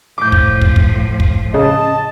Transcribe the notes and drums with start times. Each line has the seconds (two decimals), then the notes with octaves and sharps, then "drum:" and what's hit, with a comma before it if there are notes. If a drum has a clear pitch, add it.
0.18 A2 F3 D6 G6
0.32 drum: kick
0.61 drum: kick
0.76 drum: kick
1.20 drum: kick
1.54 C#3 D#5 A5